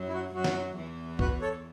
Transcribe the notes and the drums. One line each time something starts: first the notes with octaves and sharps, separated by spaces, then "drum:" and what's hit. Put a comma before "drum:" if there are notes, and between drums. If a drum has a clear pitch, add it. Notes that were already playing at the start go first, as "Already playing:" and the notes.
Already playing: F#2 F#3
E4
F#4
F#2 F#3 F#4
drum: snare
E2 E3
F#4 B4, drum: kick
A4 C#5